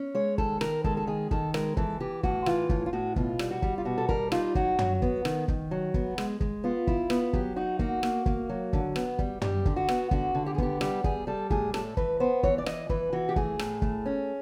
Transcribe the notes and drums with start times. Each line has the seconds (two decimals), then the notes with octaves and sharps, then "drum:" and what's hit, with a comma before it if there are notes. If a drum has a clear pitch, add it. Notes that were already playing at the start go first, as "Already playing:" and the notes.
Already playing: C#4
0.15 G#3 C#5
0.38 D#3 A4, drum: kick
0.61 D#3 A#4, drum: rim click
0.84 G#3 A4, drum: kick
0.97 A4
1.07 D#3 G#4
1.31 D#3 A4, drum: kick
1.54 G#3 A#4, drum: rim click
1.77 E3 A4, drum: kick
2.00 E3 G4
2.23 A2 F#4, drum: kick
2.46 E3 F4, drum: rim click
2.69 A2 F4, drum: kick
2.86 F4
2.93 A2 F#4
3.16 B2 F4, drum: kick
3.39 G3, drum: rim click
3.51 F#4
3.62 G3, drum: kick
3.78 F4
3.85 B2 F#4
3.98 A4
4.09 G3 A#4, drum: kick
4.32 D#4 F4, drum: rim click
4.55 F#3 F#4, drum: kick
4.79 F#3, drum: tom
5.02 B3, drum: kick
5.25 D#3, drum: rim click
5.48 D#3, drum: kick
5.71 F#3
5.94 B3, drum: kick
6.18 G#3, drum: rim click
6.40 G#3, drum: kick
6.64 B3 F4
6.87 E4, drum: kick
7.10 B3, drum: rim click
7.33 F#3 G4, drum: kick
7.56 D#4 F#4
7.79 A#3 F#4, drum: kick
8.03 A#3, drum: rim click
8.26 A#3, drum: kick
8.49 F#3
8.73 D3, drum: kick
8.96 B3, drum: rim click
9.19 G3, drum: kick
9.42 G3 G4, drum: tom
9.65 D3, drum: kick
9.76 F#4
9.89 B3, drum: rim click
10.11 D3 F#4, drum: kick
10.35 D3
10.46 G4
10.55 G#4
10.58 B3 G4, drum: kick
10.81 G3 G4, drum: rim click
11.04 G3 G#4, drum: kick
11.27 G3 A4
11.50 A2 G#4, drum: kick
11.74 A2 A4, drum: rim click
11.97 E3 B4, drum: kick
12.20 B3 C5
12.43 E3 C#5, drum: kick
12.58 D5
12.66 E3 D#5, drum: rim click
12.89 E3 B4, drum: kick
13.13 E3 F#4
13.29 G4
13.36 A3 G#4, drum: kick
13.59 A2, drum: rim click
13.82 A3, drum: kick
14.06 C#4